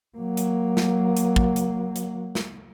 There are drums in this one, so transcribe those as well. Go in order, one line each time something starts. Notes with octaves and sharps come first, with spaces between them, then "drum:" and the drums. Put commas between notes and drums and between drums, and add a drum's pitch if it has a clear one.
F#3 A#3
drum: hi-hat
drum: snare
drum: hi-hat
drum: kick
drum: hi-hat
drum: hi-hat
drum: snare